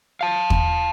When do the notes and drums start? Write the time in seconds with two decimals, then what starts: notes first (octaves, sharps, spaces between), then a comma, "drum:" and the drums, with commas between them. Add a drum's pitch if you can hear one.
0.21 F5 A5
0.50 drum: kick